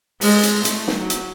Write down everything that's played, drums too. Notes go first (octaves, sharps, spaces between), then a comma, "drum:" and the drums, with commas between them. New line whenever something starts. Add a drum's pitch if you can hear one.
G#3, drum: open hi-hat
drum: hi-hat
A3, drum: hi-hat
drum: snare
F#3
drum: hi-hat